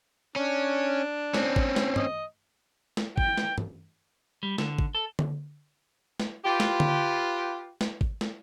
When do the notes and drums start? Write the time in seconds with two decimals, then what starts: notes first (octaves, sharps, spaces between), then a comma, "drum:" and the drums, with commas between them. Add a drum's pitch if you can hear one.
0.36 C#4 D4
1.34 C4 C#4, drum: snare
1.56 drum: kick G#1
1.76 drum: snare
1.96 D#5, drum: tom G2
2.97 drum: snare
3.18 G5, drum: kick G#1
3.37 drum: snare
3.58 drum: tom G2
4.43 G3
4.58 D3, drum: snare
4.79 drum: kick G#1
4.95 A4
5.19 drum: tom D3
6.20 drum: snare
6.44 F4 G4 B4
6.60 drum: snare
6.80 drum: tom D3
7.81 drum: snare
8.01 drum: kick G#1
8.21 drum: snare